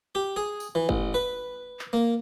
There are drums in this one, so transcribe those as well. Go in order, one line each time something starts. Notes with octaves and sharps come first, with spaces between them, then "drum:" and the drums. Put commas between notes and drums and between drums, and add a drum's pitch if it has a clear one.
G4
G#4
drum: tambourine
E3
A1, drum: kick
B4
drum: clap
A#3